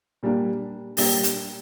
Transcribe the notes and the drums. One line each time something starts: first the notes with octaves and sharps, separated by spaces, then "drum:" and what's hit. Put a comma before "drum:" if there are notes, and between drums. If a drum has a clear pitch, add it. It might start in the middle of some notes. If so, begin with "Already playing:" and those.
A#2 G3 A#3 D4 G4
A#2 G3 A#3 D4 G4, drum: open hi-hat
drum: hi-hat